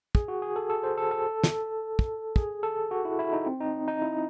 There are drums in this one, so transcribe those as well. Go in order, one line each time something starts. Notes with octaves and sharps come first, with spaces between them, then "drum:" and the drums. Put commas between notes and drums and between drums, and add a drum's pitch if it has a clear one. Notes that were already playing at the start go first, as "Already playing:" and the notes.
G#4, drum: kick
F#4
G#4
A4
A4
C5
A4
A4
drum: snare
drum: kick
G#4, drum: kick
A4
F#4
E4
E4
D#4
C4
D#4
D#4
E4